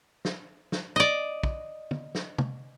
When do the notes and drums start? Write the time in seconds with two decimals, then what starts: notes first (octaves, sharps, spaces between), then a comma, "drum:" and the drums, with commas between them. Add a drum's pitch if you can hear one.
0.25 drum: snare
0.72 drum: snare
0.96 D5 D#5
1.43 drum: kick
1.91 drum: tom
2.15 drum: snare
2.38 drum: tom